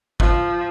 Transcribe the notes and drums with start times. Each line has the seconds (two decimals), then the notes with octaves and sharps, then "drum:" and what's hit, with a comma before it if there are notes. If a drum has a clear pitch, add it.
0.20 F3, drum: kick